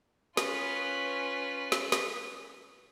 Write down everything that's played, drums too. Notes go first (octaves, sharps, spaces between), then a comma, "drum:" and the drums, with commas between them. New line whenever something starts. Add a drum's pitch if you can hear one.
C#4 F4 B4, drum: snare
drum: snare
drum: snare